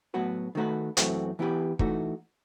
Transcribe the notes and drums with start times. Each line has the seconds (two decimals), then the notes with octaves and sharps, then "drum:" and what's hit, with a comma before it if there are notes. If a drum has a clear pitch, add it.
0.14 A2 F#3 B3 F#4 B4
0.55 D#3 A3 D#4 F#4 B4
0.97 F#2 E3 A3 C4 F#4, drum: hi-hat
1.39 E3 B3 E4 G4 B4
1.79 E3 A3 D#4 F#4, drum: kick